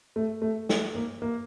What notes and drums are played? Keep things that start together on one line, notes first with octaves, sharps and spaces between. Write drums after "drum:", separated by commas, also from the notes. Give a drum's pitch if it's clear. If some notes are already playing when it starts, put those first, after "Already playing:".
A3
A3
A3, drum: snare
A#3
A#3